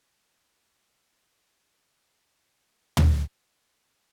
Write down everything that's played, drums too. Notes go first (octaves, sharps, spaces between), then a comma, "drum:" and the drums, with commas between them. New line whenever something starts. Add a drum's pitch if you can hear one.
A#3
G3
F3 A3 B3
drum: tom
B4